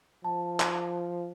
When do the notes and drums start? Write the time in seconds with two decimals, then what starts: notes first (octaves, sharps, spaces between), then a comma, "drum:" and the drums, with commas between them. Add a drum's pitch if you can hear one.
0.24 F3 A5
0.60 drum: clap